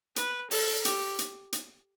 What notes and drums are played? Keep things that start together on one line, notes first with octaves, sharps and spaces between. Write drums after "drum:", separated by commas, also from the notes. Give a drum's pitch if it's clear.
B4, drum: hi-hat
A4, drum: open hi-hat
G4, drum: hi-hat
drum: hi-hat
drum: hi-hat